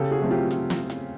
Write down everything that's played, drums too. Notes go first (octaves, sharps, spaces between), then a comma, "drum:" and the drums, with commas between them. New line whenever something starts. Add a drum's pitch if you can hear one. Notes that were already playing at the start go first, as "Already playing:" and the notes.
Already playing: C#3 G4 A4
F#4 G#4
F#3 A3 C4
F4 G4
drum: hi-hat
drum: snare
drum: hi-hat